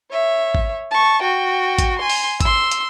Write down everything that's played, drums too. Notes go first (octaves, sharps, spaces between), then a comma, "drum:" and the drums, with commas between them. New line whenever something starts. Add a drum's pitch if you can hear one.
C#5 E5
drum: kick
A5 C#6
F#4 G5
drum: kick, hi-hat
G#5 C6
drum: open hi-hat
C6 E6, drum: kick, hi-hat
drum: hi-hat